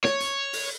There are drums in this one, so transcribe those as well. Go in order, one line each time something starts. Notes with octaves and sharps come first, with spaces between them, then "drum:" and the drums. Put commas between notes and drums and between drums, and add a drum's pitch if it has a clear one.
C#5, drum: snare
drum: hi-hat
drum: open hi-hat